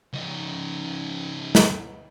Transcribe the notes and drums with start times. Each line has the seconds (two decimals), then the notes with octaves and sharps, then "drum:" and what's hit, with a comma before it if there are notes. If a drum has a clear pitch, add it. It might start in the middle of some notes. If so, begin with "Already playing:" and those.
0.13 C#3 D#4
1.55 drum: snare